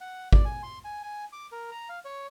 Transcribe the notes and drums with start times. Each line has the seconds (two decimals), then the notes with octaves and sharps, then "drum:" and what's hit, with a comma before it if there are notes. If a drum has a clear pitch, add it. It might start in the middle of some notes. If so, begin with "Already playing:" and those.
0.01 F#5
0.33 D5, drum: kick G#1
0.45 G#5
0.63 C6
0.85 G#5
1.03 G#5
1.33 D6
1.52 A#4
1.71 A#5
1.89 F5
2.05 C#5